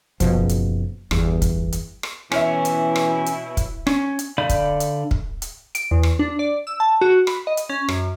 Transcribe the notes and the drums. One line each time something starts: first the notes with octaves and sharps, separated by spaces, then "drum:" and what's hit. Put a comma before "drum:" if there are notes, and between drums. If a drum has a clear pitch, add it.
F#1 B2 F3, drum: kick, hi-hat
drum: hi-hat
G1 E2, drum: rim click
drum: kick, hi-hat
drum: hi-hat
drum: rim click
B2 E3 C#4 E4 C#5 E5 F6, drum: rim click
drum: hi-hat
drum: rim click
drum: hi-hat
drum: kick, hi-hat
C#4, drum: rim click
drum: hi-hat
D3 D5 F5 B5 G6
drum: kick, hi-hat
drum: hi-hat
drum: kick
drum: hi-hat
D7, drum: hi-hat
E2
drum: rim click
D4
D5
E6
A5
F#4
B5, drum: rim click
D#5
drum: hi-hat
C#4
F#2, drum: rim click